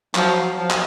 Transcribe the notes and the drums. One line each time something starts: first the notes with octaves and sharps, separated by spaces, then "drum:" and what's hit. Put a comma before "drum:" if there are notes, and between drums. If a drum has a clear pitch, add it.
F3 F#3, drum: clap
F3
drum: clap